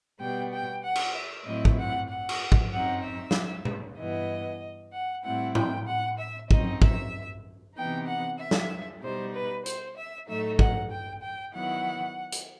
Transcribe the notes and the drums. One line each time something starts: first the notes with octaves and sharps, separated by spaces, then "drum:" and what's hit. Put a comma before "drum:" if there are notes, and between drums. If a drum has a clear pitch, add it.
B2 G3 B3 G5
G5
F#5
drum: cymbal
E5
A2 F#3 C4 E4 D#5
drum: kick
F#5
F#5
drum: cymbal
drum: kick
F#2 F#3 C4 D#4 F#5
E5
drum: snare
drum: tom B2
G2 E3 B3 D#5
F#5
A2 G3 C4 E4 F#5
G5, drum: tom
F#5
E5
F#2 F#3 C4 D#4 D#5, drum: kick
E5, drum: kick
C3 E3 B3 D#4 G5
F#5
E5
drum: snare
B2 G3 D#4 C5
B4
C5, drum: hi-hat
E5
A2 F#3 A3 D#4 E5
F#5, drum: kick
G5
G5
D#3 F#3 B3 E4 F#5
drum: hi-hat